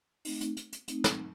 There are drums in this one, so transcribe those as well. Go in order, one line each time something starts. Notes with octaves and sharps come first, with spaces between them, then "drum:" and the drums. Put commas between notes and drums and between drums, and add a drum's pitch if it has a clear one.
A3 C4 D#4, drum: open hi-hat
drum: hi-hat
drum: hi-hat
drum: hi-hat
A3 C4 D#4, drum: hi-hat
drum: snare